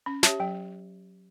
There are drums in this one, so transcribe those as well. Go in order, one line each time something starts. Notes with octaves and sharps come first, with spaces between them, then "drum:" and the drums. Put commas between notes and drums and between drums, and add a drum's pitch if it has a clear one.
C#4 B5
G4 C#5 E5 A5, drum: snare
F#3 G5